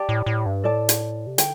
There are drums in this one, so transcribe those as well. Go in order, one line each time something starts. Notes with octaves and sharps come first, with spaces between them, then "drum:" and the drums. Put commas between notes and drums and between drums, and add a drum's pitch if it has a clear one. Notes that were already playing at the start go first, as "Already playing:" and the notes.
Already playing: G4 D5 A5
A2
A2
G2
A2 A4 D5 A5
drum: hi-hat
C3
D3 G5, drum: hi-hat